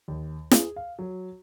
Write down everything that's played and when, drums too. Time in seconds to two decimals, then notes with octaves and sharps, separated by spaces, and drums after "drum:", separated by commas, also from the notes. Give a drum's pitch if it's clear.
0.08 D#2
0.51 G#4, drum: snare
0.76 F5
0.99 F#3